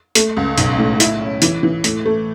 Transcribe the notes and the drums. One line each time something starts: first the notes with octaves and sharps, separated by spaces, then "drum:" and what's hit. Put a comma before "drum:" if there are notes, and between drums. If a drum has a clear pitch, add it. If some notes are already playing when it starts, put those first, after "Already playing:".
A3, drum: hi-hat
C#2
B1, drum: hi-hat
A2
E4, drum: hi-hat
C#4
E3, drum: hi-hat
E3
A2, drum: hi-hat
A3